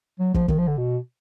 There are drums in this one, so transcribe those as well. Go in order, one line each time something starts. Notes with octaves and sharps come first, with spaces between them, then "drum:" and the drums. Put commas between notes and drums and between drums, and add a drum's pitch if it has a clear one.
F#3
F3, drum: kick
D#3, drum: kick
F3
D3
B2